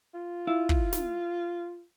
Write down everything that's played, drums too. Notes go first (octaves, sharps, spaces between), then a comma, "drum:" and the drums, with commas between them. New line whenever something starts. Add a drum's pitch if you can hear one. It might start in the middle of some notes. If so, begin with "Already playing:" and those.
F4
E4 F5
drum: kick
drum: snare